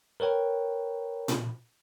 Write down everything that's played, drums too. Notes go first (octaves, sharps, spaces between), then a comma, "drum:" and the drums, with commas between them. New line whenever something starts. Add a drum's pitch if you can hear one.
A#4 B4 C#5 G5
drum: tom A#2